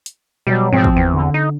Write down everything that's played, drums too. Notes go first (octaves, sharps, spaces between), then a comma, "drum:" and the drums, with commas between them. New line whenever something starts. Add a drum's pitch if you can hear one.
drum: hi-hat
B2 F#3 G3
G#2 F3 C4
drum: kick
E2
D3
D#4